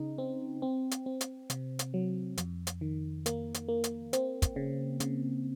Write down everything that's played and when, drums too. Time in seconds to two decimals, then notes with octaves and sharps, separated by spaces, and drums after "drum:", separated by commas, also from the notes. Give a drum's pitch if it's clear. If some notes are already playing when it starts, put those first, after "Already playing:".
Already playing: C#3 D#4
0.18 C4
0.62 C4
0.91 drum: hi-hat
1.06 C4
1.21 drum: hi-hat
1.50 C3, drum: hi-hat
1.79 drum: hi-hat
1.94 F#3
2.37 F2, drum: hi-hat
2.67 drum: hi-hat
2.81 D#3
3.26 A#3, drum: hi-hat
3.54 drum: hi-hat
3.68 A#3
3.84 drum: hi-hat
4.13 C4, drum: hi-hat
4.42 drum: kick, hi-hat
4.56 C#3
5.00 C#3, drum: hi-hat